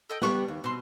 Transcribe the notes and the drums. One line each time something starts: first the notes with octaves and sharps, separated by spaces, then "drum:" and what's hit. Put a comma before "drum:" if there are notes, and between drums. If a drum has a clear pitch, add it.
A4 D#5 G5
G3 B3 D4 C#6 F#6, drum: snare
D#2
B2 C4 C6